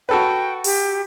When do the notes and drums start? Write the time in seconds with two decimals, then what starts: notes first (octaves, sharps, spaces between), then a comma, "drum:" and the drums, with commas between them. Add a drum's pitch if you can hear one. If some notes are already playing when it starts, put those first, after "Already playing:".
0.09 F#4 A4 B4 G5
0.64 G4, drum: open hi-hat